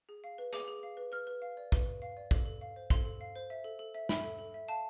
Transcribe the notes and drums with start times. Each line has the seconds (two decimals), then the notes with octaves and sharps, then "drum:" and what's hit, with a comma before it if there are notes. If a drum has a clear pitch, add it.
0.09 G#4
0.24 F5
0.38 B4
0.53 G#4 D6, drum: hi-hat
0.68 G#4
0.83 F5
0.97 B4
1.12 B4 F6
1.27 B4
1.42 F5
1.57 D5
1.72 B4, drum: kick, hi-hat
1.86 B4
2.02 F5
2.17 D5
2.31 A4, drum: kick
2.46 A4
2.61 F5
2.76 C5
2.90 A4 C6, drum: kick, hi-hat
3.05 A4
3.21 F5
3.36 C5
3.50 E5
3.64 A4
3.79 A4
3.94 E5
4.09 E5 B5, drum: snare
4.24 A4
4.39 A4
4.54 E5
4.68 F5 A5